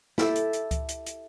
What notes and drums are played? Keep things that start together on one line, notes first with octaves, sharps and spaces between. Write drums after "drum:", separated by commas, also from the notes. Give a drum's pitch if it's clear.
E4 G4 A4 E5, drum: snare
drum: hi-hat
drum: hi-hat
drum: kick C#2, hi-hat
drum: hi-hat
drum: hi-hat